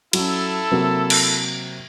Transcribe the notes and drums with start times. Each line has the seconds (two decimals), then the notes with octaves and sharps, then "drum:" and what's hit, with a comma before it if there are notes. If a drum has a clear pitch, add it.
0.13 F#3 C#4 E4 A4, drum: cymbal
0.71 C3 F#3 A#3
1.10 drum: cymbal